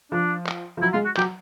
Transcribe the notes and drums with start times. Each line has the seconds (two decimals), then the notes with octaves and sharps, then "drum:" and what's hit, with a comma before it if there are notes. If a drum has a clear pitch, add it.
0.12 F3 D4
0.47 drum: clap
0.77 F3
0.82 F#3 E4
0.93 G#3 F4
1.05 F#4
1.17 F#3 G4, drum: clap